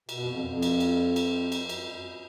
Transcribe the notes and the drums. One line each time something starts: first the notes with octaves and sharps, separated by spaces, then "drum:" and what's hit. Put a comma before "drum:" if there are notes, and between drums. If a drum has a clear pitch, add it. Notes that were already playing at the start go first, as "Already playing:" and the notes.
B2, drum: cymbal
F#2
F2
F#2
F2
drum: cymbal
drum: cymbal
drum: cymbal
drum: cymbal
F2
F#2, drum: cymbal
F#2
F#2